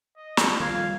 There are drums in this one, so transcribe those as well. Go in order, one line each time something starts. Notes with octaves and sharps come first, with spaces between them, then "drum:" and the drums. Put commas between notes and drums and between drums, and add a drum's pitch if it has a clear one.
D#5
drum: snare
F2 A#2 D#3 G3 A#3 F5 G#6